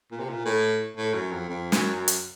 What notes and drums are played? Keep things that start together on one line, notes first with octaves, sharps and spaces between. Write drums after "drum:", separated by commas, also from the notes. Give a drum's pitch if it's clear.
A#2
C3
A#2
A2
A2
F#2
F2
F2
F#2, drum: snare
F#2
drum: hi-hat